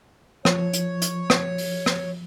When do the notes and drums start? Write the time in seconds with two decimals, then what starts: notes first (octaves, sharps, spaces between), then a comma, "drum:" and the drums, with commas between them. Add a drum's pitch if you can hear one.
0.45 F3 C#5, drum: rim click
0.73 drum: hi-hat
1.02 drum: hi-hat
1.30 drum: rim click
1.58 drum: open hi-hat
1.86 drum: rim click